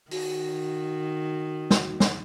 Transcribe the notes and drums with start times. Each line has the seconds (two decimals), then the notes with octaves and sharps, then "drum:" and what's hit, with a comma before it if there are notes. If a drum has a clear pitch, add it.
0.11 D#3 F#4, drum: open hi-hat
1.71 drum: snare
2.00 drum: snare